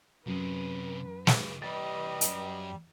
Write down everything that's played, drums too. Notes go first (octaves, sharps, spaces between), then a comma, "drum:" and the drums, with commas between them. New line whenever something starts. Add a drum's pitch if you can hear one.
F#2 C3 G#4 B4
C#3 G4, drum: snare
C3 E3 G3 G4 B4 D#5 A6
F#2, drum: hi-hat